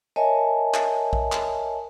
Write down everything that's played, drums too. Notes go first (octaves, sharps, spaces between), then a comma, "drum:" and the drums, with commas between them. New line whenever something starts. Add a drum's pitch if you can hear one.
A#4 C#5 D#5 E5 G#5 A5
drum: clap
drum: kick
drum: clap